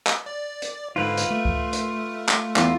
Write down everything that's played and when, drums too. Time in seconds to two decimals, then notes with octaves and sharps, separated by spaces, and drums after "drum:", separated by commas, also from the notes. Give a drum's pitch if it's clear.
0.07 drum: clap
0.26 D5
0.62 drum: hi-hat
0.96 G#2 D3 F4 B4
1.17 drum: hi-hat
1.31 A3
1.45 drum: kick C#2
1.73 drum: hi-hat
2.28 drum: clap
2.56 E2 F4, drum: clap